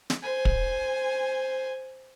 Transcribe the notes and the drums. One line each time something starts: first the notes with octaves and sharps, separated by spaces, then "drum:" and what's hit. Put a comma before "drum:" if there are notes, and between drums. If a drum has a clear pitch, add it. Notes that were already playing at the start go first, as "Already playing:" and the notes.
drum: snare
C5 G#5
drum: kick